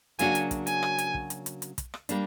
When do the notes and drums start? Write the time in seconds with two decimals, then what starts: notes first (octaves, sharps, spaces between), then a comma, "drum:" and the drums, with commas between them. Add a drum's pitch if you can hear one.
0.19 C#3 F#3 A#3 D4 F#4 G#5, drum: hi-hat
0.35 drum: hi-hat
0.51 drum: kick, hi-hat
0.67 G#5, drum: hi-hat
0.83 drum: rim click
0.98 drum: hi-hat
1.14 drum: kick
1.30 drum: hi-hat
1.46 drum: hi-hat
1.62 drum: hi-hat
1.78 drum: kick, hi-hat
1.94 drum: rim click
2.09 G3 A#3 D4, drum: hi-hat